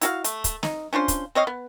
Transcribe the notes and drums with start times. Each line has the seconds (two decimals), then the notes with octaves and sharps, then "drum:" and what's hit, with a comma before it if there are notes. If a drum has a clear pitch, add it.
0.01 E4 F#4 F5, drum: hi-hat
0.24 A3, drum: hi-hat
0.44 drum: kick, hi-hat
0.63 D#4, drum: snare
0.93 C#4 D4 F4 C5
1.08 drum: kick, hi-hat
1.35 C4 C#5 D#5 F5
1.47 B3